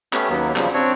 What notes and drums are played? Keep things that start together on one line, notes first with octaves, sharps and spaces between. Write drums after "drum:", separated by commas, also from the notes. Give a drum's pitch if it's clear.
A3 B3 C#4 G4, drum: clap
D#2 F#3 A#3 B3
C#3 F3 G3, drum: clap
C4 D4 C#5